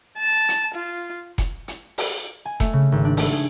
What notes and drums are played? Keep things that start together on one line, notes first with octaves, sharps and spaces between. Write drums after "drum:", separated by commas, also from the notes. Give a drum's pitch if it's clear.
A5
drum: hi-hat
F4
drum: kick F1, hi-hat
drum: hi-hat
drum: open hi-hat
G#5
A3, drum: kick F1, hi-hat
C#3
G#1
D4
A3, drum: open hi-hat
G#4